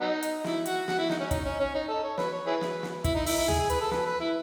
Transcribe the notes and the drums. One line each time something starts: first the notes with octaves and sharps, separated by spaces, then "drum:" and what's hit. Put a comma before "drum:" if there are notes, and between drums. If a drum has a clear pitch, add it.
F#3 B3 D#4
drum: hi-hat
E4, drum: snare
F#4, drum: hi-hat
F#4, drum: snare
E4
D#4, drum: snare
C#4
D#4, drum: kick, hi-hat
C#4
C#4
D#4
A4
C#5
B4, drum: snare
C#5
E4 G#4 B4
drum: snare
drum: snare
E4, drum: kick, hi-hat
D#4
E4, drum: open hi-hat
E4
G#4, drum: tom D2
G#4
B4, drum: hi-hat
A4
B4, drum: snare
B4
E4